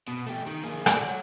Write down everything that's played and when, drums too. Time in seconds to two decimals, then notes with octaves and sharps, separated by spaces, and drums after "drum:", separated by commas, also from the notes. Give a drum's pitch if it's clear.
0.08 B2
0.26 A3 G4
0.46 D#3
0.64 A#3 G#4
0.86 F#4 D5, drum: rim click
1.04 C#5 F#5